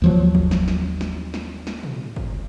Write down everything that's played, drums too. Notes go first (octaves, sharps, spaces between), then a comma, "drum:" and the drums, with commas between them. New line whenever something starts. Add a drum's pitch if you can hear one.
D#2 F3 F#3
drum: kick
drum: snare
drum: snare
drum: snare
drum: snare
drum: snare
drum: tom
drum: kick